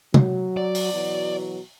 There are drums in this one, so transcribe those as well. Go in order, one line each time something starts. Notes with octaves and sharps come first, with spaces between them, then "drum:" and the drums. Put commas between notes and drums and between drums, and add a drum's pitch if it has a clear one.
F#3, drum: tom
D5
drum: open hi-hat
B2 E3 F#3